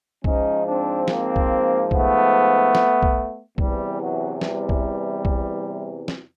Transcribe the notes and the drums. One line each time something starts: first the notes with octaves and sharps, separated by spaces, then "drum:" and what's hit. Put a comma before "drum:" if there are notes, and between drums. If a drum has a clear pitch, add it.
G#2 F3 C#4 D#4, drum: kick B1
C4 D4
A#3 C4, drum: snare
drum: kick B1
A3 B3, drum: kick B1
drum: snare
drum: kick B1
E2 C3 E3 G3, drum: kick B1
F#3
G3, drum: snare
drum: kick B1
drum: kick B1
drum: snare